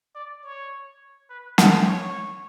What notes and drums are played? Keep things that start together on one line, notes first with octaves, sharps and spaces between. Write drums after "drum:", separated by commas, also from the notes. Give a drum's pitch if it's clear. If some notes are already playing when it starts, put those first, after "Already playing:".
D5
C#5
B4
C5, drum: snare
C#5